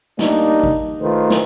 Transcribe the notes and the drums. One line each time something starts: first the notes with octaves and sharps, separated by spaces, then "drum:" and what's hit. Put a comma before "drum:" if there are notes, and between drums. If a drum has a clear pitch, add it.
G3 A#3 D4 D#4, drum: snare
drum: kick G#1
D#3 A3 F4 B4 C5
drum: snare